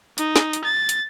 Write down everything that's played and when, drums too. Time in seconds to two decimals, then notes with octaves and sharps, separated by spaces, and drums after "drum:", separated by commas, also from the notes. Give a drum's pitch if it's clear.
0.18 D#4, drum: hi-hat
0.36 drum: snare
0.53 drum: hi-hat
0.64 A6
0.89 drum: hi-hat